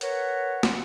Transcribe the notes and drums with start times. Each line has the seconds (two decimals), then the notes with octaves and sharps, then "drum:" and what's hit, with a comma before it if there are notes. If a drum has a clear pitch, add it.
0.01 A#4 B4 C#5 F#5, drum: hi-hat
0.63 drum: snare